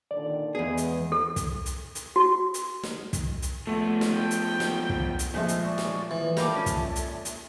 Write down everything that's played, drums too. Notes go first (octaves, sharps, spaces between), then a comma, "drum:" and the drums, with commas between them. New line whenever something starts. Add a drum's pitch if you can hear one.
A#2 D3 D#3 D5
E2 G#3 B3 G#4
drum: hi-hat
A4
drum: kick, hi-hat
drum: hi-hat
drum: hi-hat
F#4
drum: hi-hat
drum: snare
drum: kick, hi-hat
drum: hi-hat
F3 A3 B3
drum: snare
G5
drum: hi-hat
drum: snare
drum: kick
drum: hi-hat
A#2 F3 G#3 A3 C4 E5
drum: hi-hat
D5 C#6
drum: snare
E3
G3 F4 A4 A#4 D5 E5 A#5 D6, drum: snare
C#4
drum: kick, hi-hat
drum: hi-hat
drum: hi-hat